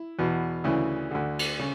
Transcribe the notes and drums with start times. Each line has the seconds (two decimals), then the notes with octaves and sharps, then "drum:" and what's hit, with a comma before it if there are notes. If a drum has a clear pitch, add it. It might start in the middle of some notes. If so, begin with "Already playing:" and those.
Already playing: E4
0.19 E2 B2
0.64 D2 C#3 E3 E4
1.11 D2 D3
1.39 drum: cymbal
1.60 C#3